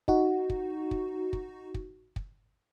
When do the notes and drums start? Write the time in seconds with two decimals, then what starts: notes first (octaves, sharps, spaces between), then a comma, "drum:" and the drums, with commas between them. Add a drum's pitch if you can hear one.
0.08 D#4 F#4, drum: kick
0.50 drum: kick
0.91 drum: kick
1.33 drum: kick
1.74 drum: kick
2.16 drum: kick